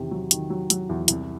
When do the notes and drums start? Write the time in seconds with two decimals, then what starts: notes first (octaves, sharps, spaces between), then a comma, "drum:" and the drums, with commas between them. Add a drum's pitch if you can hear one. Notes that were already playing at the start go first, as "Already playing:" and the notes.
Already playing: E2 C3 D#3
0.11 F#3
0.31 D#3, drum: hi-hat
0.50 F#3
0.70 F#3, drum: hi-hat
0.89 E2
1.08 C2, drum: hi-hat